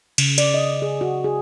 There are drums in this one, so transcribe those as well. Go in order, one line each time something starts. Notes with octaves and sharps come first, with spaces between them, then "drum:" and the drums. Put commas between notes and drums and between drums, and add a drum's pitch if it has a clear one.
C#3, drum: cymbal
D5, drum: cymbal
D#5
G#4
F#4
G#4